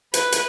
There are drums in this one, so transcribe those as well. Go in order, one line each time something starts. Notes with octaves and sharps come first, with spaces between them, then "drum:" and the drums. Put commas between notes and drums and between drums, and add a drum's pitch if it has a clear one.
B4, drum: hi-hat
drum: hi-hat